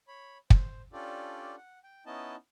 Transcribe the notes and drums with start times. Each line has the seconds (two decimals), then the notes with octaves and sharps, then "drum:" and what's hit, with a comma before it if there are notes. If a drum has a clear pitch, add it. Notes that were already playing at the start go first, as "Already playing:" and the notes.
0.08 C#5 B5
0.50 C5, drum: kick
0.93 C#4 D4 F4 G4 A4 D5
1.57 F#5
1.84 G5
2.06 B3 C#4 D#4 E4 D#5 A5